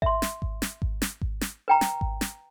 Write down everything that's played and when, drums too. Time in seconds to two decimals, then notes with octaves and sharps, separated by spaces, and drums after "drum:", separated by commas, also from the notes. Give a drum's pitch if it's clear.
0.02 E5 C6, drum: kick G#1
0.22 drum: snare
0.42 drum: kick G#1
0.62 drum: snare
0.82 drum: kick G#1
1.02 drum: snare
1.21 drum: kick G#1
1.41 drum: snare
1.68 B4 G5 A#5
1.81 drum: snare
2.01 drum: kick G#1
2.21 drum: snare